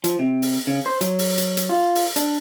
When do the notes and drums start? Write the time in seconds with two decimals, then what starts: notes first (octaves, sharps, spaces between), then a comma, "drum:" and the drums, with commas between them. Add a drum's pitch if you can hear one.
0.04 F3, drum: hi-hat
0.19 C3
0.42 drum: open hi-hat
0.67 C#3
0.86 C5
1.01 F#3, drum: hi-hat
1.19 drum: open hi-hat
1.38 drum: hi-hat
1.57 drum: hi-hat
1.69 F4
1.95 drum: open hi-hat
2.16 D4, drum: hi-hat